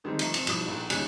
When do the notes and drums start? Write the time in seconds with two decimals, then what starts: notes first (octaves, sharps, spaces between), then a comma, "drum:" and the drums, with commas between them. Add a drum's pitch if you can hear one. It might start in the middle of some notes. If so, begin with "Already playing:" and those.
0.04 D3 D#3 G3 G#3 C4
0.19 F3 A3 D#4 E5 A#5, drum: cymbal
0.34 C3 F3, drum: cymbal
0.47 B1 F3 G3 E4 D#6, drum: cymbal
0.67 A#1 E4 A4
0.90 D#2 C#3 G3 D#4 G#4 F#6, drum: cymbal